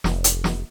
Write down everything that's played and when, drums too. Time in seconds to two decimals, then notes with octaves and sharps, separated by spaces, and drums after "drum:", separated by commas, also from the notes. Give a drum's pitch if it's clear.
0.04 F1, drum: snare
0.24 drum: hi-hat
0.44 drum: snare